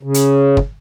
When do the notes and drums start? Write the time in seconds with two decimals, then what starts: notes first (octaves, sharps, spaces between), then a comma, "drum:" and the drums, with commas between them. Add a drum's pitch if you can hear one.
0.03 C#3
0.14 drum: hi-hat
0.57 drum: kick